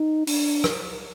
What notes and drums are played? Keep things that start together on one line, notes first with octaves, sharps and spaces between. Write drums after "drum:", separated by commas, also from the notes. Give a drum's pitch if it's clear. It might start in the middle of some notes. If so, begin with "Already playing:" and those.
Already playing: D#4
D4, drum: open hi-hat
drum: rim click